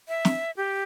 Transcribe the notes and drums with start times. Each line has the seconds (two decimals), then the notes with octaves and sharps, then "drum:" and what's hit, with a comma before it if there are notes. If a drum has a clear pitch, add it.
0.08 E5
0.25 drum: snare
0.57 G4